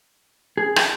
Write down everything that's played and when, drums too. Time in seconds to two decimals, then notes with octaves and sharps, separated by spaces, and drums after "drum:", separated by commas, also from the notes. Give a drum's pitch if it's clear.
0.57 G#4
0.76 drum: rim click